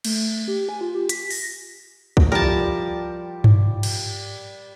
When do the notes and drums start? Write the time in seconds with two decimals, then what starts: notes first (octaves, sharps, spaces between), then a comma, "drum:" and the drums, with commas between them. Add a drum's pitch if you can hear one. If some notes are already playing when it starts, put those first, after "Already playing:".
0.04 A3, drum: cymbal
0.28 A3
0.48 G4
0.69 G#5
0.81 F4
0.94 G4
1.09 B6, drum: hi-hat
1.31 A#6, drum: open hi-hat
2.17 drum: kick C2
2.32 F3 G3 E4 A#4 D5 A5
3.44 drum: tom G2
3.83 drum: cymbal